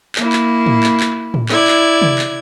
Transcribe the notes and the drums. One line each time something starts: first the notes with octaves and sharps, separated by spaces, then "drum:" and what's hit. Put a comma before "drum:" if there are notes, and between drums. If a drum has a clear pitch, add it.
A#3 E4, drum: clap
drum: clap
drum: tom A2
drum: clap
drum: clap
drum: tom A2
E4 D5 G#6, drum: clap
drum: clap
drum: tom C3
drum: clap